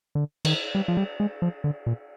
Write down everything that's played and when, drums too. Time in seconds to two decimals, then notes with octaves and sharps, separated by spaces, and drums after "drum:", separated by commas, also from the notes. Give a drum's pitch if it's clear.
0.15 D3
0.45 D#3, drum: cymbal
0.75 G3
0.88 F3
0.97 G3
1.20 G#3
1.42 F3
1.64 D3
1.87 A#2